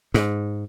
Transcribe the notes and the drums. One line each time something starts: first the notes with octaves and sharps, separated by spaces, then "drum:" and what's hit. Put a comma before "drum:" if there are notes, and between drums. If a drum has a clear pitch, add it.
G#2, drum: snare